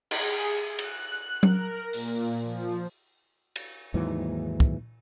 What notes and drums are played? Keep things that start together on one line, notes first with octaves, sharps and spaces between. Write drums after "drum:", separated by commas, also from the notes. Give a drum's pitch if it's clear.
G#4, drum: cymbal
F#6, drum: cymbal
A#4, drum: tom F#3
A#2, drum: open hi-hat
F3
drum: cymbal
D#2 G#2 E3 F#3
drum: kick